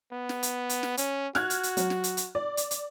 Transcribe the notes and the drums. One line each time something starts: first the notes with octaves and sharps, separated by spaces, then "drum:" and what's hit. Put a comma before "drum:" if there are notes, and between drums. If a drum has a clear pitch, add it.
B3
drum: snare
drum: hi-hat
drum: hi-hat
drum: snare
C#4, drum: hi-hat
F#4 F6 F#6 G#6, drum: snare
drum: hi-hat
drum: hi-hat
F#3, drum: hi-hat
drum: snare
drum: hi-hat
drum: hi-hat
D5
drum: hi-hat
drum: hi-hat